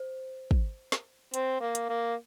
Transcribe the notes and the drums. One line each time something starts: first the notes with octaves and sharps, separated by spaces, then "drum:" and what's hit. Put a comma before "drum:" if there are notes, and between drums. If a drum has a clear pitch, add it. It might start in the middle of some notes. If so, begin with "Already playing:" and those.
Already playing: C5
drum: kick
drum: snare
C4, drum: hi-hat
A#3
drum: hi-hat
A#3